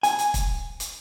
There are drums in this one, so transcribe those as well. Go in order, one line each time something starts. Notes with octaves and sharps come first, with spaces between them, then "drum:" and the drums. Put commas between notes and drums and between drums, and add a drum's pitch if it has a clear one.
G#5, drum: hi-hat
drum: hi-hat
drum: kick, hi-hat
drum: hi-hat